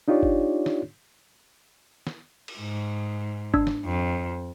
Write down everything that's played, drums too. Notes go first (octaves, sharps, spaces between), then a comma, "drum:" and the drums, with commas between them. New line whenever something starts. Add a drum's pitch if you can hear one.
D4 D#4 F4 G4 C#5 D5
drum: kick G1
drum: snare
drum: snare
drum: cymbal
G#2
D4 E6, drum: kick G1
drum: snare
F2